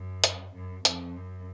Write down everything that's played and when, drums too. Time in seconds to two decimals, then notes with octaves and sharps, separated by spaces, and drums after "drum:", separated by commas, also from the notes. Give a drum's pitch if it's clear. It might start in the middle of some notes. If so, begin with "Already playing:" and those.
Already playing: F#2
0.24 drum: hi-hat
0.55 F#2
0.85 F2, drum: hi-hat
1.16 F#2